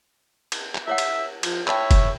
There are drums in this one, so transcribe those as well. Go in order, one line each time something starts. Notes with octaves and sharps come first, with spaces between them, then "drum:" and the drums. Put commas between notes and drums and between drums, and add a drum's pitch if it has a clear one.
drum: cymbal
drum: clap
E4 C#5 E5 F#5
drum: cymbal
F3, drum: cymbal
C#5 E5 G5 A5 B5, drum: clap
drum: kick F1, cymbal